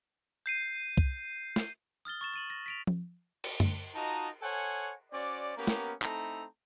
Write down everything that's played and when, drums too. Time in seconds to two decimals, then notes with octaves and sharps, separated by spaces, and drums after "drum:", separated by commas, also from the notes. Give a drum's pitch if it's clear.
0.46 G6 C7 D#7
0.97 drum: kick C2
1.56 drum: snare
2.05 D#6 F6 A6 G7
2.21 C#6 A6 E7
2.34 A6 D#7 F#7
2.50 A#6
2.66 B6 D7 F7
2.87 drum: tom F3
3.44 drum: cymbal
3.60 drum: tom F#2
3.95 D#4 F4 F#4 D#5 A5 A#5
4.42 A4 C5 C#5 F#5 G#5
5.12 C#4 F#4 C5 D5
5.57 A#3 B3 C#4 G4 A#4
5.67 drum: snare
6.02 A3 C4 D#4 E4 A4 A#5, drum: clap